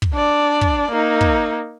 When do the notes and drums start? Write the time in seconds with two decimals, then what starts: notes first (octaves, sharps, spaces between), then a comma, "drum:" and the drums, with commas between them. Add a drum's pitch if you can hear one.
0.02 drum: kick
0.14 D4 D5
0.61 drum: kick
0.91 A#3 D#4
1.21 drum: kick